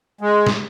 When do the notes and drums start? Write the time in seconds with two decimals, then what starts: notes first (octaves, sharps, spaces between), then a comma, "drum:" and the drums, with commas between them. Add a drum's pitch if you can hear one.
0.21 G#3
0.47 drum: snare